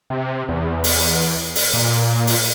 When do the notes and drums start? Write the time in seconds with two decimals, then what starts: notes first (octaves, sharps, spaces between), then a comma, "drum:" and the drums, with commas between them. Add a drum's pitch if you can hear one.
0.10 C3
0.49 E2
0.84 drum: open hi-hat
1.55 drum: open hi-hat
1.73 A#2
2.27 drum: open hi-hat